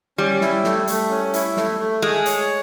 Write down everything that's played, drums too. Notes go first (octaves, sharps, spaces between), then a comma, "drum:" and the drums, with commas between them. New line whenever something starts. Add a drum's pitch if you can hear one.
G3 C#4
E4, drum: snare
A3, drum: snare
A3, drum: hi-hat
C#4
E4, drum: hi-hat
A3, drum: snare
A3
G#3 G#4
C#5, drum: hi-hat